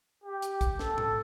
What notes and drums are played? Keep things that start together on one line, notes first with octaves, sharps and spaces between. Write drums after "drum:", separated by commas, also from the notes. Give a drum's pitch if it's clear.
G4
drum: hi-hat
drum: kick, hi-hat
A4, drum: snare
drum: tom A2